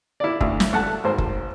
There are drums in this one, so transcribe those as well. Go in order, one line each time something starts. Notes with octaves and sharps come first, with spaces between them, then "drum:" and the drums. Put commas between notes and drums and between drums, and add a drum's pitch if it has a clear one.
E4 D5
D2, drum: kick F#1
drum: snare
A3 F#5 A5
G#1 C5
drum: kick F#1